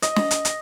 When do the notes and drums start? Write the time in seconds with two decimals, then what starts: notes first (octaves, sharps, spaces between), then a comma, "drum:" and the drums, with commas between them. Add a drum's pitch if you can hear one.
0.02 D#5, drum: hi-hat
0.17 drum: snare
0.31 drum: hi-hat
0.45 drum: hi-hat